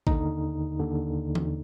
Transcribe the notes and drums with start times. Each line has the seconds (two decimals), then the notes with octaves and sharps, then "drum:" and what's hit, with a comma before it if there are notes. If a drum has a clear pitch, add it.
0.07 D#2 D3 D#4, drum: kick A1
0.80 D#2 D3
1.35 drum: tom E3